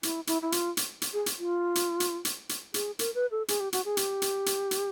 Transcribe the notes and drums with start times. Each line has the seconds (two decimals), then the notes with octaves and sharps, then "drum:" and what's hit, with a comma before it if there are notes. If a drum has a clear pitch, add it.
0.03 E4, drum: hi-hat
0.27 E4, drum: hi-hat
0.42 E4
0.52 F4, drum: hi-hat
0.77 drum: hi-hat
1.02 drum: hi-hat
1.13 G#4
1.26 drum: hi-hat
1.39 F4
1.75 drum: hi-hat
2.00 drum: hi-hat
2.25 drum: hi-hat
2.49 drum: hi-hat
2.74 G#4, drum: hi-hat
2.99 A#4, drum: hi-hat
3.15 B4
3.31 A4
3.48 G#4, drum: hi-hat
3.60 G4
3.73 F#4, drum: hi-hat
3.85 G#4
3.97 G4, drum: hi-hat
4.22 drum: hi-hat
4.46 drum: hi-hat
4.71 drum: hi-hat